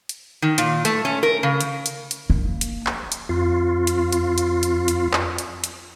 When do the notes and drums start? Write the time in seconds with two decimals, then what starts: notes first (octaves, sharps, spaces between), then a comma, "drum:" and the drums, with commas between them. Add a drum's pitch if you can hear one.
0.09 drum: hi-hat
0.42 D#3
0.58 A#2, drum: hi-hat
0.85 A3, drum: hi-hat
1.05 C#4
1.23 A#4
1.43 C#3
1.61 drum: hi-hat
1.86 drum: hi-hat
2.11 drum: hi-hat
2.30 A#3
2.61 drum: hi-hat
2.86 drum: clap
3.12 drum: hi-hat
3.29 F2 F4
3.87 drum: hi-hat
4.12 drum: hi-hat
4.38 drum: hi-hat
4.63 drum: hi-hat
4.88 drum: hi-hat
5.13 drum: clap
5.38 drum: hi-hat
5.64 drum: hi-hat